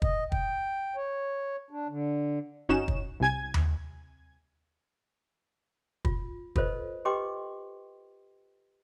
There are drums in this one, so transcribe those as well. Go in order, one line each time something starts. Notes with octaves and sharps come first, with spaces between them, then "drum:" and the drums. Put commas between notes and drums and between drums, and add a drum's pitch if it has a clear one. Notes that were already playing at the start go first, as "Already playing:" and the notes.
D#5, drum: kick
G5, drum: kick
C#5
D4
D3
G1 C#4 D#4 F#4 E7
drum: kick
C2 C3 G#5 G#6
drum: tom D#2
F4, drum: kick
F4 A4 B4 C5 D#5, drum: kick
G4 B4 D#5 G5 C6 D6